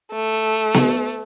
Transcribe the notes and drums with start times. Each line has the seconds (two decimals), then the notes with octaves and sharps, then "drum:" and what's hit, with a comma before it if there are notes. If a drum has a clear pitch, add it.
0.13 A3
0.74 drum: snare B3